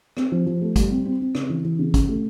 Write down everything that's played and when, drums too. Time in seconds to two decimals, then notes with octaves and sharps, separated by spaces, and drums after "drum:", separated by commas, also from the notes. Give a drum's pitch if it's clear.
0.17 C4, drum: rim click
0.32 F3
0.46 F3
0.61 A3
0.76 G3, drum: kick, hi-hat
0.90 C4
1.05 C4
1.21 C4
1.35 C#3, drum: rim click
1.49 E3
1.65 E3
1.79 C#3
1.94 C#4, drum: kick, hi-hat
2.08 A3